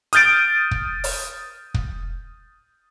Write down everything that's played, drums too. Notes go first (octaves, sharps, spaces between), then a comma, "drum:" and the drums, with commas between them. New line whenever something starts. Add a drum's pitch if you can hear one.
D#6 F6 G6 A6 D7, drum: hi-hat
drum: kick
drum: open hi-hat
drum: kick